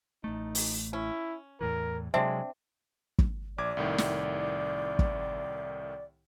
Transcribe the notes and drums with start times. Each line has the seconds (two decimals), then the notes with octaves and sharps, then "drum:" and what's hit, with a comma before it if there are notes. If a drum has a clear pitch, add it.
0.24 A1 A3 D#4
0.55 drum: open hi-hat
0.93 C#4 E4
1.61 E2 A2 E3 A#4
2.14 C3 F#3 G#3 C4 D4 E5
3.19 drum: kick
3.58 A#1 D5 D6 G#6
3.77 C2 A2 D#3
3.98 drum: snare
4.99 drum: kick